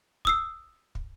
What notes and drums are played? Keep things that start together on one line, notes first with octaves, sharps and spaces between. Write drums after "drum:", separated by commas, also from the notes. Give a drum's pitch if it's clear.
D#6 E6 C7, drum: kick
drum: kick